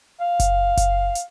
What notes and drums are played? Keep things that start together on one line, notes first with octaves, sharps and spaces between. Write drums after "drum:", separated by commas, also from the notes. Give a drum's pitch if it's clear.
F5
drum: kick F#1, hi-hat
drum: kick F#1, hi-hat
drum: hi-hat